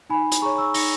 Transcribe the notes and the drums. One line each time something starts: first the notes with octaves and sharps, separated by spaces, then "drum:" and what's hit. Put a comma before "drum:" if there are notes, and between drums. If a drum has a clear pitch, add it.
D#4 G#5 B5
drum: hi-hat
G#4 C#5 A#5 C#6
C#6 E6
D#4 A#6 C#7, drum: open hi-hat